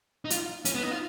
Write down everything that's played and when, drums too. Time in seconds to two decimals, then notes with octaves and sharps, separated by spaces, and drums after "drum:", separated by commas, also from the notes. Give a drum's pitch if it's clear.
0.25 D#4
0.30 F4, drum: hi-hat
0.65 C#4, drum: hi-hat
0.75 B3
0.83 D#4
0.91 F4